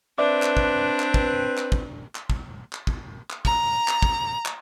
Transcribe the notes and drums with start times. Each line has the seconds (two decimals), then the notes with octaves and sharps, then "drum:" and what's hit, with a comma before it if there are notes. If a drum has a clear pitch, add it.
0.18 C4 D4 B4 D5 E5 D6
0.42 drum: clap
0.57 drum: kick
1.00 drum: clap
1.14 drum: kick
1.58 drum: clap
1.72 drum: kick
2.15 drum: clap
2.30 drum: kick
2.73 drum: clap
2.87 drum: kick
3.30 drum: clap
3.45 A#5, drum: kick
3.88 drum: clap
4.02 drum: kick
4.46 drum: clap